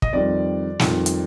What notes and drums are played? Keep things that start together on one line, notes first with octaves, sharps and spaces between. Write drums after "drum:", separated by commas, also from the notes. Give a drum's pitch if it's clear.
D#5, drum: kick
F2 D#3 G3 D5
F2 D#3 G3, drum: snare
drum: hi-hat